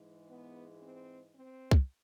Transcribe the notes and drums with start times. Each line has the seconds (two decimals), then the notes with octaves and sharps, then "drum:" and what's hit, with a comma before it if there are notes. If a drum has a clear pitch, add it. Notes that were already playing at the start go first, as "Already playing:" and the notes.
Already playing: G#2 E3 G#3
0.29 B3
0.82 C4
1.35 C4
1.71 drum: kick C2